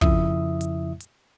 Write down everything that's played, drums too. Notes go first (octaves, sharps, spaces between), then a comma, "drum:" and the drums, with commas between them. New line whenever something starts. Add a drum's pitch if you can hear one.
F2 C#3 F3 E4 E5 D#6, drum: kick
drum: hi-hat
drum: hi-hat